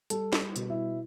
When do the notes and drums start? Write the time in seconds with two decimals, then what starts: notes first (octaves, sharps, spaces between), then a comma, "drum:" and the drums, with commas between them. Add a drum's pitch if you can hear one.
0.10 G3 A4, drum: hi-hat
0.33 drum: snare
0.56 B2, drum: hi-hat
0.70 E4